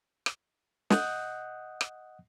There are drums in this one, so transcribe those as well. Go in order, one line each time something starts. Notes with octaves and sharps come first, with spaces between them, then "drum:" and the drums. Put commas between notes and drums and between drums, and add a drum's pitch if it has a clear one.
drum: rim click
D#5 F#5 D#6 F#6 G6, drum: snare
drum: rim click